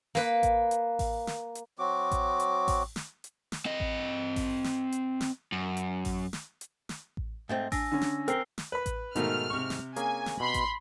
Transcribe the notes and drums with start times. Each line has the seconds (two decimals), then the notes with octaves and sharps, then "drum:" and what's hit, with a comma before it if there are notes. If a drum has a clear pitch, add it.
0.15 A#3 B4, drum: snare
0.43 drum: kick A1, hi-hat
0.71 drum: hi-hat
0.99 drum: kick A1, open hi-hat
1.27 drum: snare
1.55 drum: hi-hat
1.79 F#3 C4 F#4 D6
2.12 drum: kick A1, hi-hat
2.40 drum: hi-hat
2.68 drum: kick A1, open hi-hat
2.96 drum: snare
3.24 drum: hi-hat
3.52 drum: snare
3.66 C4 D#5
3.80 drum: kick A1
4.36 drum: kick A1, open hi-hat
4.64 drum: snare
4.92 drum: hi-hat
5.21 drum: snare
5.52 F#2
5.77 drum: hi-hat
6.05 drum: kick A1, open hi-hat
6.33 drum: snare
6.61 drum: hi-hat
6.89 drum: snare
7.17 drum: kick A1
7.49 G#2 A3 C4
7.72 D4 G#5 E6 A#6, drum: kick A1, open hi-hat
7.92 D3 C#4
8.01 drum: snare
8.28 C4 A#4 E6 C7 G7, drum: hi-hat
8.58 drum: snare
8.72 B4 B5
8.86 drum: kick A1, hi-hat
9.16 G#2 B2 D#3 A3 F5 A#5 F6, drum: hi-hat
9.50 C3 C#6
9.70 drum: snare
9.96 A#3 C#4 G#4 G#5, drum: hi-hat
10.26 drum: snare
10.40 B2 B5 C6
10.54 drum: kick A1, hi-hat